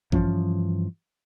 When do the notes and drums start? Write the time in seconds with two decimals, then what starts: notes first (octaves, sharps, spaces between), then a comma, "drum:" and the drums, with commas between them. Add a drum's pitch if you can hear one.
0.12 G2 E3 F3 C#4, drum: kick A1